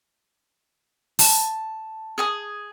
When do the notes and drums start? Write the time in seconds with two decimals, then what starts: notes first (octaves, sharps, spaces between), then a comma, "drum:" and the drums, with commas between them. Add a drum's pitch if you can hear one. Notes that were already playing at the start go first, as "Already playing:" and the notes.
1.19 A5, drum: open hi-hat
2.18 G#4 G#5 D#6